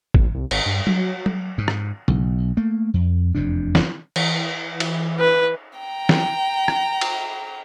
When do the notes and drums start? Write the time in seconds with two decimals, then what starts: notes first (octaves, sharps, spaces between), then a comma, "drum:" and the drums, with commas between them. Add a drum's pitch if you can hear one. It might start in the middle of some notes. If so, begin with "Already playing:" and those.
0.14 A#1, drum: kick
0.34 C2
0.51 G#1, drum: cymbal
0.66 G2
0.87 F#3, drum: tom F#3
1.26 drum: tom F#3
1.58 G#2
1.68 drum: rim click
2.08 B1, drum: tom C#3
2.57 A3 A#3
2.94 F2
3.35 F1 E2 C3 D4
3.75 drum: snare
4.16 E3, drum: cymbal
4.80 drum: cymbal
5.20 B4
5.79 G5 A#5
6.09 drum: snare
6.68 drum: rim click
7.01 drum: cymbal